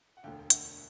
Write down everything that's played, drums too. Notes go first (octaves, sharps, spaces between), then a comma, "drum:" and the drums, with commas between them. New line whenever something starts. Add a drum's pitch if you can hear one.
F#5
E1 D2 D3 F5 G5
G5
E5 F#5, drum: hi-hat